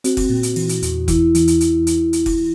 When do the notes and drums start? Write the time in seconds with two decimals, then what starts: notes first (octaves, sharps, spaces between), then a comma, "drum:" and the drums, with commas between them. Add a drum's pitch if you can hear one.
0.04 C4 F#4, drum: hi-hat
0.17 drum: kick F1, open hi-hat
0.30 A#2
0.43 drum: hi-hat
0.56 E3, drum: open hi-hat
0.69 drum: hi-hat
0.82 E2, drum: hi-hat
1.08 E3 E4, drum: kick F1, hi-hat
1.35 E3, drum: hi-hat
1.48 drum: hi-hat
1.61 drum: hi-hat
1.87 drum: hi-hat
2.13 drum: hi-hat
2.26 drum: kick F1, open hi-hat